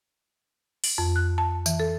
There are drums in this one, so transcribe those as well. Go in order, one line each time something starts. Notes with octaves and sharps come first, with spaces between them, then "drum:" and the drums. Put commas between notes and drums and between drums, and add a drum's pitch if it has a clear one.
drum: open hi-hat
F2
F#6
A5
E3, drum: tambourine
A4